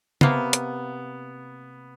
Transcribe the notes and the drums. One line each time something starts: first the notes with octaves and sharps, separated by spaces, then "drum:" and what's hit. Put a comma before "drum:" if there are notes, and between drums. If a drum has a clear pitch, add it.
C3 A#3 B3, drum: tom C#3
drum: hi-hat